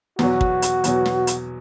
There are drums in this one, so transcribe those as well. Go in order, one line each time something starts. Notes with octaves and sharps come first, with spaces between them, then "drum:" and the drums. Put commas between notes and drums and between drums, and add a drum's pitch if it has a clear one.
E2 B2 F#3 F#4, drum: snare
drum: kick
drum: hi-hat
E2 B2 F#3, drum: hi-hat
drum: snare
drum: hi-hat